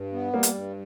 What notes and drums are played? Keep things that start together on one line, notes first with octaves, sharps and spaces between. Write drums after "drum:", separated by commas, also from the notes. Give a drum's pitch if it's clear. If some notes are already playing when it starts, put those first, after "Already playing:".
Already playing: G2
B3
G3 A#3
drum: hi-hat
G2